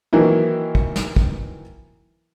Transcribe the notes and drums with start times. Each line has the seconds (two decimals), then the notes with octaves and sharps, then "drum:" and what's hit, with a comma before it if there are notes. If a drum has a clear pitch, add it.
0.13 D#3 E3 F#3 A#3 E4
0.75 drum: kick
0.96 drum: snare
1.16 drum: kick